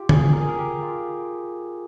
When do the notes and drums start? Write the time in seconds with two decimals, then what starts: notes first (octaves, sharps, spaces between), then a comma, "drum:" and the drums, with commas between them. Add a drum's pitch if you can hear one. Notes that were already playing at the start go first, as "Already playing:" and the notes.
Already playing: F4 G4
0.09 G#4, drum: tom
0.33 A#4
0.41 G#4
0.49 A#4
0.59 G4
0.83 F4